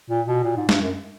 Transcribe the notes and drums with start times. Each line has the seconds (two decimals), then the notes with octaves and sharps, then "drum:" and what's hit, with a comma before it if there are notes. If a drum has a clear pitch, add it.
0.10 A#2
0.27 B2
0.44 A#2
0.56 G#2
0.69 G2, drum: snare
0.81 F#2